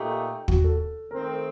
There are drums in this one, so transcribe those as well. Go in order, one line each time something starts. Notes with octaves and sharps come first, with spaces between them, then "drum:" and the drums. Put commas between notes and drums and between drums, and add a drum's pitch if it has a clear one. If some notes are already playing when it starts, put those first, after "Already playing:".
Already playing: A#2 A3 D#4 G4
F#4, drum: kick
A4
D#3 A3 C4 A#4